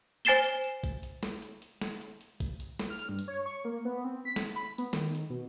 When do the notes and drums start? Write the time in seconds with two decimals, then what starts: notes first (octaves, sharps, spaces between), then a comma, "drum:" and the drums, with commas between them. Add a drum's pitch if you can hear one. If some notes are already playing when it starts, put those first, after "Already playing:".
0.25 C5 G#5 A6 C7 E7 G7
0.44 drum: hi-hat
0.64 drum: hi-hat
0.83 drum: kick A#1, hi-hat
1.03 drum: hi-hat
1.23 drum: snare
1.42 drum: hi-hat
1.62 drum: hi-hat
1.81 drum: snare
2.01 drum: hi-hat
2.21 drum: hi-hat
2.40 drum: kick A#1, hi-hat
2.60 drum: hi-hat
2.79 drum: snare
2.90 F6
2.99 drum: hi-hat
3.09 G2
3.19 drum: hi-hat
3.28 C#5
3.46 C#6
3.65 A#3
3.85 B3
4.04 C4
4.25 B6
4.36 drum: snare
4.56 B5, drum: hi-hat
4.78 B3, drum: hi-hat
4.93 D#3, drum: snare
5.15 drum: hi-hat
5.30 B2